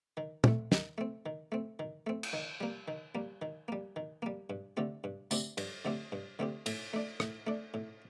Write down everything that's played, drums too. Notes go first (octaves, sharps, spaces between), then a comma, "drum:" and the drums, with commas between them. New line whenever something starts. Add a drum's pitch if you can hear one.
D#3
A3 C4, drum: tom
D#3, drum: snare
A3 C4
D#3
A3 C4
D#3
A3 C4
drum: cymbal
D#3
G3 A#3
D#3
G3 A#3
D#3
G3 A#3
D#3
G3 A#3
G2
D3 A3 C4 G4
G2
D3 A3 C4 G4, drum: tambourine
G2, drum: cymbal
D3 A3 C4 G4
G2
D3 A3 C4 G4
A2, drum: cymbal
A3 D4
A2, drum: rim click
A3 D4
A2